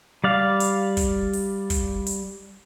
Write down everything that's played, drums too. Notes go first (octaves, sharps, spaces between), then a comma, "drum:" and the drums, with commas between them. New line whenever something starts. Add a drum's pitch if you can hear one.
G3 D5 F5
drum: hi-hat
drum: kick, hi-hat
drum: open hi-hat
drum: kick, hi-hat
drum: hi-hat